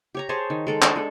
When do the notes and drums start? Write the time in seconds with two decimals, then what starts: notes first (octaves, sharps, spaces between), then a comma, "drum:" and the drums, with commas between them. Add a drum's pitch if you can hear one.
0.15 G4 C#5 A#5
0.29 G#4 C5 C#5 A5
0.50 D#3
0.67 G#3 A4 G5
0.82 D4, drum: clap
0.96 G#3 A4